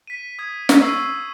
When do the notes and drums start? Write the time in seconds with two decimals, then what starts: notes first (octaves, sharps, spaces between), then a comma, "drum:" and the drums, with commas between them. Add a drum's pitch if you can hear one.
0.07 B6 D#7
0.39 D#6 G#6 B6
0.69 drum: snare
0.82 C#6 E6 C7 D#7